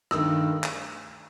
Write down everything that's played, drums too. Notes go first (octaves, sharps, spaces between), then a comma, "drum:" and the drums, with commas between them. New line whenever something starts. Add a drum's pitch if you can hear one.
G2 D#3 A3 E6, drum: rim click
drum: clap